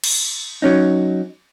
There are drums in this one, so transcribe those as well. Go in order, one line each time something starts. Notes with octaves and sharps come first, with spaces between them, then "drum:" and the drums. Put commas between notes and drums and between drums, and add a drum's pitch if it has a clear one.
drum: cymbal
F#3 C#4 D#4